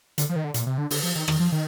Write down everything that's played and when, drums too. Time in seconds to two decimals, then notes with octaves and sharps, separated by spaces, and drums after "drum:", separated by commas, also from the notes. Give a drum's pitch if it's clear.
0.18 D3, drum: hi-hat
0.29 F3
0.36 D#3
0.44 D3
0.54 A#2, drum: hi-hat
0.66 C3
0.78 D3
0.91 D3, drum: open hi-hat
1.03 F3
1.15 D#3
1.28 D#3, drum: rim click
1.40 F3
1.52 D#3